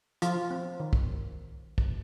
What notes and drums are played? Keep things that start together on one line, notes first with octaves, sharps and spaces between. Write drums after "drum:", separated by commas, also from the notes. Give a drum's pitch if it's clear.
F3 F4, drum: hi-hat
C4
D#3
drum: kick
drum: kick